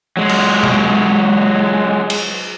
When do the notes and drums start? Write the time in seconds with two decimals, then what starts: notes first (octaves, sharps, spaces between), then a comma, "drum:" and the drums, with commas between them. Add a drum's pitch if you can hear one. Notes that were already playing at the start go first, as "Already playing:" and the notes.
0.17 F#3 G#3
0.29 drum: cymbal
0.63 drum: tom
2.10 drum: cymbal